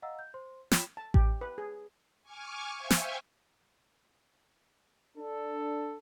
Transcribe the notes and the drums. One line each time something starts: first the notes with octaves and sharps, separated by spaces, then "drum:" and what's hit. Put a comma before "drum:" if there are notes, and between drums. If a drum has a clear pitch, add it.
D#5 F5 F#5 A#5 E6
G6
C5 C6
F4 C#5 G5 B5 B6 E7, drum: snare
A5
G4, drum: kick A1
B4
G#4
G#5 C#6 D6 F6
C5 E5 F5 G5 G#5 C#6
drum: snare
D4 A4